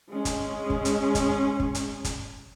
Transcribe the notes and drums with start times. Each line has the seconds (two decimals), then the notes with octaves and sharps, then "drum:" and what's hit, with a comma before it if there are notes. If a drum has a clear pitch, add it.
0.10 G#3 C#4
0.25 drum: kick, hi-hat
0.70 drum: kick
0.85 drum: hi-hat
1.15 drum: kick, hi-hat
1.60 drum: kick
1.75 drum: hi-hat
2.05 drum: kick, hi-hat